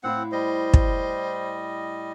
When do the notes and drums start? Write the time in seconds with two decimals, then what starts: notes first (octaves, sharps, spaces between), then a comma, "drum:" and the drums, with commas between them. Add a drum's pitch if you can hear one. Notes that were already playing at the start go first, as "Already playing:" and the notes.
0.03 A2 C4 E4 F5 F#5
0.32 G3 C5 D#5
0.74 drum: kick